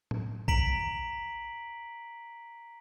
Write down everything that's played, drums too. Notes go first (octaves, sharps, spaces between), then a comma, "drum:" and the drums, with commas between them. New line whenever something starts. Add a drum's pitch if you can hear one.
drum: tom A2
A#5 B6 D7 F#7, drum: kick A#1